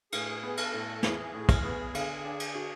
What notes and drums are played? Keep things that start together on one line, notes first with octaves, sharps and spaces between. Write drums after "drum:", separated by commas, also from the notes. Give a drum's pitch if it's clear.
A2 G#4, drum: cymbal
B3
A4, drum: cymbal
A2
E3 G#4, drum: snare
A2
drum: kick, cymbal
B3
D3, drum: cymbal
D4
drum: cymbal
F#4